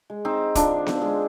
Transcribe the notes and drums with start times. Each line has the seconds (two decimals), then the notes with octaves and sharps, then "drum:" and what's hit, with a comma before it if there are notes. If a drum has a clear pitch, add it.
0.10 G#3
0.25 C4 D#4
0.55 D3 D4 F4, drum: kick, hi-hat
0.87 drum: snare B3
1.02 G#3